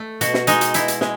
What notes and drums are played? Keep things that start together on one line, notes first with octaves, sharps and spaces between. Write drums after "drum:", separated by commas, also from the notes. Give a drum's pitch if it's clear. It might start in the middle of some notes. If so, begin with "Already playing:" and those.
Already playing: A3
B2 F#4, drum: hi-hat
drum: snare
G#3 D#4, drum: hi-hat
drum: hi-hat
B2 E4, drum: hi-hat
drum: hi-hat
G#3, drum: snare